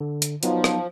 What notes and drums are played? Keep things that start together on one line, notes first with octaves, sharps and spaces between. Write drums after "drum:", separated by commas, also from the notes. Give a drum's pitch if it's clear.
D3
drum: hi-hat
F3 F#3 B3 D#4, drum: hi-hat
drum: rim click